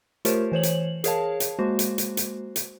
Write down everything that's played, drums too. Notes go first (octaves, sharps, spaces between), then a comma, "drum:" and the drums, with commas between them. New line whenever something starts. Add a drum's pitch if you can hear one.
A3 F4 G4 A#4 C5 C#5, drum: hi-hat
E3 C5 C#5 F#7
drum: hi-hat
G#4 A#4 C#5 F5 A5, drum: hi-hat
drum: hi-hat
G#3 A#3 F#4 C5
drum: hi-hat
drum: hi-hat
drum: hi-hat
drum: hi-hat